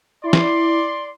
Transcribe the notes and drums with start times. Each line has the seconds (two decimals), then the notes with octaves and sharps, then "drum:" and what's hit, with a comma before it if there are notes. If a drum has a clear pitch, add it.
0.24 E4 D5 C6
0.33 drum: snare